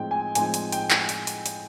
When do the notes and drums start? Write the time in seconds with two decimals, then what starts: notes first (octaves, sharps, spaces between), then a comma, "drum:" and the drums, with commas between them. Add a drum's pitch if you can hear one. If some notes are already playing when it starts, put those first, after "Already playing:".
Already playing: A2 F3 G#3 C4 D#4 G5
0.11 G#5
0.35 A2 F3 G#3 C4 D#4 G#5, drum: hi-hat
0.54 drum: hi-hat
0.72 G5, drum: hi-hat
0.90 drum: clap
1.09 drum: hi-hat
1.27 drum: hi-hat
1.46 drum: hi-hat